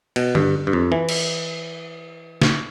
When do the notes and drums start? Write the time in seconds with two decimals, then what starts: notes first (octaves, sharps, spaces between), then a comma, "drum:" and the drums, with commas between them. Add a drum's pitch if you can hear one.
0.16 B2, drum: cymbal
0.35 G2, drum: tom D3
0.67 G2
0.73 F2
0.92 E3
1.09 drum: cymbal
2.42 drum: snare